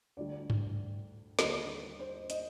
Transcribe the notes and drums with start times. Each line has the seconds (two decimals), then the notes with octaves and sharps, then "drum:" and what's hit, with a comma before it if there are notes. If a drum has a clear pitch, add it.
0.17 D2 D3 G3 D5
0.50 drum: tom G2
1.39 D#2 D3 G3 D#5, drum: snare
1.99 C5
2.30 D#5, drum: hi-hat